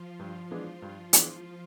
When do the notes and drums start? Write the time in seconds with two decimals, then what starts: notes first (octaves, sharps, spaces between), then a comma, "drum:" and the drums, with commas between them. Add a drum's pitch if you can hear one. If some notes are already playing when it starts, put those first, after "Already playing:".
Already playing: F3 F4
0.19 G2
0.51 E3 G#3 B3 D4
0.82 G2
1.13 E3 G#3 B3 D4, drum: hi-hat